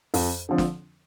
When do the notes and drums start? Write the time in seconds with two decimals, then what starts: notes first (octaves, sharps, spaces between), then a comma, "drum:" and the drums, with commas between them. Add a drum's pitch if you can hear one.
0.14 F2, drum: open hi-hat
0.49 D3 F3 C4
0.58 drum: snare